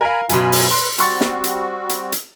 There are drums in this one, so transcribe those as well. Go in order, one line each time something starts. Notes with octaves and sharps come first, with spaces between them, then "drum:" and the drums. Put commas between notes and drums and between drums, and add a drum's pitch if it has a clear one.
A#4 F5 G#5 A#5 B5
F#2 B2 F4 G#5 B5, drum: hi-hat
drum: open hi-hat
B4 C6
G3 C4 F#4 C6 C#6 A6, drum: hi-hat
drum: snare
drum: hi-hat
drum: hi-hat
drum: hi-hat